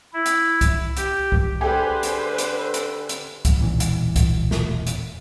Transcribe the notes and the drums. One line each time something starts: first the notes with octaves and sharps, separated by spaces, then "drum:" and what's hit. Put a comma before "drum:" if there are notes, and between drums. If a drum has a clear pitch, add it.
E4
drum: hi-hat
drum: kick C2, hi-hat
G4, drum: hi-hat
drum: kick C2
D3 A3 G4 G#4 B4 C5 G5
drum: hi-hat
drum: hi-hat
drum: hi-hat
drum: hi-hat
drum: kick C2, hi-hat
E1 A#2 E3
drum: hi-hat
drum: kick C2, hi-hat
drum: snare
drum: hi-hat